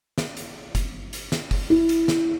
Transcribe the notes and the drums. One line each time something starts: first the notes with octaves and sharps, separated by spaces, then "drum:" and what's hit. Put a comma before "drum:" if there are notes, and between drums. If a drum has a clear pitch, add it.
drum: snare
drum: hi-hat
drum: kick F#1, hi-hat
drum: hi-hat
drum: snare
drum: kick F#1, open hi-hat
E4
drum: hi-hat
drum: snare